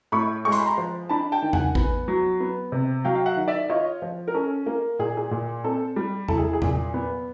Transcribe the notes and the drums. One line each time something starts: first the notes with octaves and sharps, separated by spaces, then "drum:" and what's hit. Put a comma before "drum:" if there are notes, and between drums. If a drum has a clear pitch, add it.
A2 B5 C#6
G#3 C#6
C6, drum: hi-hat
B5
A#5 C6
F3
D4 A5 B5
G5 A5
D#3
F#5 G#5, drum: tom E2
B3, drum: kick
F#3
B3
C3
F#3 F5 G5
F5
E5 F#5
D#3
D5 E5
F4 C#5 D#5
F3
A#4
C#4 A4
A#3
A#2 G#4
G#4
A#2
C4 A4
G3
E4 A4, drum: tom E2
G#4
G#4
A#2, drum: tom E2
B3